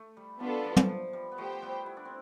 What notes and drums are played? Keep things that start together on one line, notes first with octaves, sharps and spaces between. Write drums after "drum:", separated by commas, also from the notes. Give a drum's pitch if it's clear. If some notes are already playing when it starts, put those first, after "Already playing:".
Already playing: A3
G3
G3 B3 D4 F4 A4
F3
drum: tom
F3
G3
B3
F3 A3 G4 C5 G5
G3 B3
E4
D4
C4